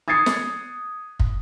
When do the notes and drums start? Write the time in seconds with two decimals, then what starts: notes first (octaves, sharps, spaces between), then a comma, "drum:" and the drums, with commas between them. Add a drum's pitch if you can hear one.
0.08 D#6 G#6 A6 C7 C#7
0.26 drum: snare
1.20 drum: kick